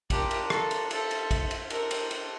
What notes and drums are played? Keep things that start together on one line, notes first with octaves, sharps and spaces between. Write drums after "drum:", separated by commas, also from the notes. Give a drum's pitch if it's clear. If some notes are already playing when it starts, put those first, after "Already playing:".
D4 F4 G4 A#4, drum: kick A#1, cymbal
drum: cymbal
A4, drum: rim click
drum: cymbal
F4 A4 C5 E5, drum: cymbal
drum: cymbal
drum: kick A#1, cymbal
drum: cymbal
D4 A4 A#4 C5, drum: cymbal
drum: cymbal
drum: cymbal